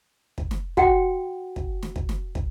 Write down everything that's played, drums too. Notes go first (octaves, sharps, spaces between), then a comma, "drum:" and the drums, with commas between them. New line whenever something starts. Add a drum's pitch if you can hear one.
drum: kick
drum: snare
F#4 F#5 G5, drum: kick
drum: kick
drum: snare
drum: kick
drum: snare
drum: kick